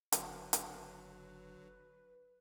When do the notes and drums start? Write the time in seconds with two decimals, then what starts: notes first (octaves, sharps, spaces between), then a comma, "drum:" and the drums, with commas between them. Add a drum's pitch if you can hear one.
0.12 F#1 D3 F#3 B4, drum: hi-hat
0.53 drum: hi-hat